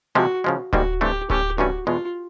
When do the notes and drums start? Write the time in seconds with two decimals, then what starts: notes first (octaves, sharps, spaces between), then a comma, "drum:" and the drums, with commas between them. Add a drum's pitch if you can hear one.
0.15 C3 F3 G#3 F#4
0.44 C#3 F3 G#3
0.73 G#2 D#3 G3 A#3 F#4, drum: kick D1
1.01 G2 E3 A3 C4 G4
1.30 E3 A3 C#4 G4, drum: kick D1
1.58 G2 E3 A3 C#4 F#4
1.87 E2 B2 G#3 B3 F4